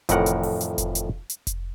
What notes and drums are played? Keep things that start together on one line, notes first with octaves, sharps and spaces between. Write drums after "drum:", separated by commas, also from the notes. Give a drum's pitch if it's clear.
F2 A2 D#3 E3 A#4 F#5, drum: kick F1, hi-hat
drum: hi-hat
drum: open hi-hat
drum: hi-hat
drum: kick F1, hi-hat
drum: hi-hat
drum: hi-hat
drum: kick F1, hi-hat